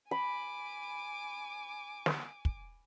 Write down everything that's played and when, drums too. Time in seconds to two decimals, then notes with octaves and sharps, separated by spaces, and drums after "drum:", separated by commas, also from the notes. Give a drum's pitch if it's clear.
0.11 G#5 B5 D6
2.06 drum: snare
2.45 drum: kick